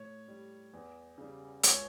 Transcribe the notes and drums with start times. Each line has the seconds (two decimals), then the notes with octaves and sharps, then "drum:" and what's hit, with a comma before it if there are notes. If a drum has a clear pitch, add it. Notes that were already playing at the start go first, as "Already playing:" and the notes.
Already playing: A2 C#5
0.28 G3
0.73 E2
1.18 C#3 G3
1.63 C#2 C#5, drum: hi-hat